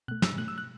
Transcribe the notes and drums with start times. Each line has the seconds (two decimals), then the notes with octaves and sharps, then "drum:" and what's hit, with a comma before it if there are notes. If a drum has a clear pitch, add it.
0.08 B2 A3 F#6
0.22 E6, drum: snare
0.38 B2 A3 F#6
0.48 E6
0.58 F#6